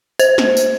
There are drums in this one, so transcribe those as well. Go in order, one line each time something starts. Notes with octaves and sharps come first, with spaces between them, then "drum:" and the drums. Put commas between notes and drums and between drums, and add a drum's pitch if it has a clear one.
C5, drum: tambourine
drum: snare
drum: tambourine